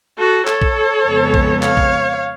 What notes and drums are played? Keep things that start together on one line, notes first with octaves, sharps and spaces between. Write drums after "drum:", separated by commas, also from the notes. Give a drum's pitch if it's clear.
F#4 A4
A4 C#5, drum: clap
drum: kick
F2 C#3 G#3 B3
drum: kick
C#5 F5, drum: clap
drum: kick